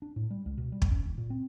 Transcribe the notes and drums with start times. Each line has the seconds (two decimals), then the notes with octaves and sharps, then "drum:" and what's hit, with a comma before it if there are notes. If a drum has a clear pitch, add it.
0.02 D4
0.16 A2
0.31 G3
0.46 C#2
0.58 B2
0.72 G3
0.82 drum: kick
0.91 F#2
1.05 D#1
1.18 A#2
1.30 C4